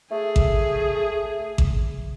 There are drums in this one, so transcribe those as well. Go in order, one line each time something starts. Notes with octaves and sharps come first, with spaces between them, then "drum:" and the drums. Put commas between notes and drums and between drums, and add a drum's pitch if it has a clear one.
A3 G#4
drum: kick A1
drum: kick A1